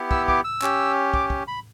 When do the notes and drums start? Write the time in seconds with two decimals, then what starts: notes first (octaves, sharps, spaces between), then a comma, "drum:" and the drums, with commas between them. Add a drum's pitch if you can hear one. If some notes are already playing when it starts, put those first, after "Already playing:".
Already playing: B3 E4 G4
0.11 E6, drum: kick
0.28 D6, drum: kick
0.44 E6
0.62 C#4 G4, drum: clap
1.14 D6, drum: kick
1.30 drum: kick
1.48 B5